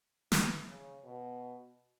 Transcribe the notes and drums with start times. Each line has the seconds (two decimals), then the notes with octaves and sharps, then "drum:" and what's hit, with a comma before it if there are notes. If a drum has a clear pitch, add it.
0.32 E3, drum: snare
0.68 C#3
1.05 B2